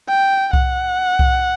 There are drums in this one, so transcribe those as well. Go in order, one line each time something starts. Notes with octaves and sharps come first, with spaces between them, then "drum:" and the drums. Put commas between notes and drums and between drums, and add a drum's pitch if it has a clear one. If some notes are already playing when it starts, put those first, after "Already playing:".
G5
F#5, drum: kick C2
drum: kick C2